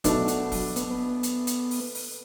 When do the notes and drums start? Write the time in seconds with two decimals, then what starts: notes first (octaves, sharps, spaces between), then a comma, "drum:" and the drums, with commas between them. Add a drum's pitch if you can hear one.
0.04 B2 F#3 A3 D4, drum: kick E1, hi-hat
0.28 drum: hi-hat
0.52 drum: kick E1, open hi-hat
0.76 B3, drum: hi-hat
0.90 B3
1.23 drum: hi-hat
1.47 drum: hi-hat
1.71 drum: open hi-hat
1.95 drum: open hi-hat